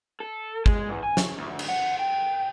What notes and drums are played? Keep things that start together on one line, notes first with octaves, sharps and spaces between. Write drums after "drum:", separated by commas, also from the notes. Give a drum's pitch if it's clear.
A4
G#3, drum: kick
E2
G#5
C#3, drum: snare
D2
drum: cymbal
F#5
G5